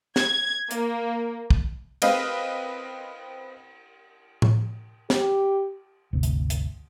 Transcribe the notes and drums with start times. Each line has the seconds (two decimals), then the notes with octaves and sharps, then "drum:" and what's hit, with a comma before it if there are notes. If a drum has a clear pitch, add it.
0.16 G#6, drum: snare
0.71 A#3, drum: hi-hat
1.50 drum: kick
2.02 C4 B4 D#5 F5, drum: cymbal
4.42 drum: tom A2
5.10 G4, drum: snare
6.13 G1 D2 C3
6.23 drum: hi-hat
6.50 drum: hi-hat